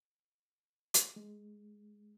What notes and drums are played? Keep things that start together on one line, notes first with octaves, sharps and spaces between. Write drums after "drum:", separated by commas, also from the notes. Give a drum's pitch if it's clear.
drum: hi-hat
G#3